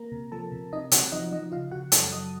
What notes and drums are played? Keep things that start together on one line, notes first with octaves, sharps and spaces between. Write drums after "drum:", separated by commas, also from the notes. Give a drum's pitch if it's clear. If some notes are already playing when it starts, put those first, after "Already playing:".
Already playing: A#3 A#4 A#5
C3
F3 A4 A5
C3
C3 D#4 D#5
C3 F#4 F#5, drum: hi-hat
F3 D#4 D#5
F3 D#4 D#5
C#3 F4 F5
C#3 F#4 F#5
F#2 A4 A5, drum: hi-hat
F#3 D#5 D#6